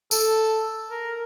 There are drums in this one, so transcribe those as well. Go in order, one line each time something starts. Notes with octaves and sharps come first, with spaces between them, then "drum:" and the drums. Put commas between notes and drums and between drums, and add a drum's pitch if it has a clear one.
A4, drum: tambourine
A#4